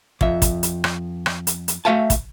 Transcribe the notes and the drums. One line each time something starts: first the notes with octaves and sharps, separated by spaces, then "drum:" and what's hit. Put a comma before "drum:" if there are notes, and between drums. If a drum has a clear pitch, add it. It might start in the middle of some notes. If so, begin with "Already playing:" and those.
F2 E5, drum: kick
drum: kick, hi-hat
drum: hi-hat
drum: rim click
drum: rim click
drum: hi-hat
drum: hi-hat
A3 F#4 E5 F5 G#5 A5
drum: kick, hi-hat